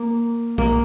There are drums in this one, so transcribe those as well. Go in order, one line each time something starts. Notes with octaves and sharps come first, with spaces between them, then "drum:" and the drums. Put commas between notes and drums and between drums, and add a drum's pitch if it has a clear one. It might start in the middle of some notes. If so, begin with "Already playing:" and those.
Already playing: A#3
A#3, drum: kick B1